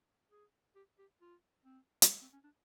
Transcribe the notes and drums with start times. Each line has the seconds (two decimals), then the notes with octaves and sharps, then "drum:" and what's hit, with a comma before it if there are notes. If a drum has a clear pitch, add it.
0.31 G#4
0.76 G4
0.99 G4
1.21 F4
1.65 C4
2.02 drum: hi-hat
2.22 C4
2.33 C#4
2.44 D4